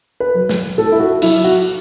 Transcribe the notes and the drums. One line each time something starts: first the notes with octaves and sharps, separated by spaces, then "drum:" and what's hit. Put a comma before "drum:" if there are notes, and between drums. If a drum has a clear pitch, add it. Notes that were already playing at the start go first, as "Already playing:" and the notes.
B4
F#3
drum: snare
A2 A4
E4
F#4
F#3 E4, drum: cymbal
F#4